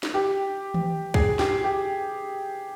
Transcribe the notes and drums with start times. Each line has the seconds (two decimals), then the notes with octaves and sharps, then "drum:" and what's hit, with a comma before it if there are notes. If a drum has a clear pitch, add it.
0.03 drum: snare
0.14 G4
0.74 drum: tom D#3
1.14 G#4, drum: kick
1.39 G4, drum: snare
1.64 G4